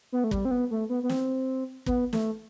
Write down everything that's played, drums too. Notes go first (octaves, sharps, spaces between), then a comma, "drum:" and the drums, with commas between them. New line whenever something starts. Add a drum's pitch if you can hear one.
B3
A3
G3, drum: kick
C4
B3
A3
B3
B3
C4, drum: snare
B3, drum: kick
A3, drum: snare